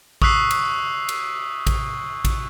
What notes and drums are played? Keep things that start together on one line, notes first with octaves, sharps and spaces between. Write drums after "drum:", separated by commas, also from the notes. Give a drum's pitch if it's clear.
C#6 D#6 E6 F#6 B6 C7, drum: kick A1
drum: cymbal
drum: cymbal
drum: kick A1, cymbal
drum: kick A1, cymbal